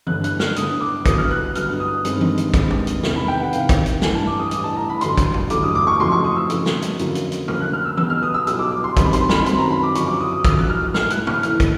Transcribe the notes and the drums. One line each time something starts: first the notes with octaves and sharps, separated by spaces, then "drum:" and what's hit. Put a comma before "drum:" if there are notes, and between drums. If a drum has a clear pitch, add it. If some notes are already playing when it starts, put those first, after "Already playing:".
G1 G2 D3 F#6, drum: tom E3
F#6, drum: hi-hat
F6, drum: snare
G1 G2 D3 D#6, drum: hi-hat
D6
G2 D3 F#3 B3 D#6, drum: kick, hi-hat
F6
F#6
G2 D3 F#3 B3 F6, drum: hi-hat
D#6
G2 D#3 G#3 C4, drum: hi-hat
drum: tom E3
drum: hi-hat
G2 D#3 G#3 C4, drum: kick, hi-hat
drum: tom E2
drum: hi-hat
E2 C3 D#3, drum: snare
B5
G5
F#5
E2 C3 D#3 F5, drum: hi-hat
drum: kick, hi-hat
drum: hi-hat
A1 G2 E3 G#5, drum: snare
A5
D6
D#6
A1 G2 E3 D6, drum: hi-hat
A5
A#5
B5
A1 G2 D3 F#3 A3 C6, drum: hi-hat
drum: kick, hi-hat
drum: tom E2
A1 G2 D3 F#3 A3 D6, drum: hi-hat
D#6
D6
C#6
F2 C#3 F#3 A3 C6, drum: tom
C#6
D#6
E6
F2 C#3 F#3 A3, drum: hi-hat
drum: snare
drum: hi-hat
F2 D3 F#3 A#3 C#4, drum: hi-hat
drum: hi-hat
drum: hi-hat
F2 D3 F#3 A#3 C#4 F6, drum: tom
F#6
F6
E6
B1 B2 G3 B3 E6, drum: tom E3
F6
D#6
E6
B1 B2 G3 B3 E6, drum: hi-hat
D6
D6
C6
F#2 D#3 G3 C4 B5, drum: kick, hi-hat
C6, drum: hi-hat
B5, drum: snare
F#2 D#3 G3 C4 C6, drum: hi-hat
A#5
B5
D6
F#2 D3 F3 C#6, drum: hi-hat
D6
D#6
D#6
F#2 D3 F3 E6, drum: kick, hi-hat
F#6, drum: tom E3
F6
A1 A2 E3 A3 F6, drum: snare
F#6, drum: hi-hat
F6, drum: tom
A1 A2 E3 A3 F6, drum: hi-hat
drum: kick, hi-hat